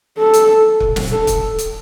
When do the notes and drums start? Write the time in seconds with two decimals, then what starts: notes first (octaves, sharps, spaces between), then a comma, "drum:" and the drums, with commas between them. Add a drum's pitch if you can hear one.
0.18 A4
0.34 drum: hi-hat
0.80 drum: kick
0.96 drum: snare
1.12 A4
1.27 drum: kick, hi-hat
1.58 drum: hi-hat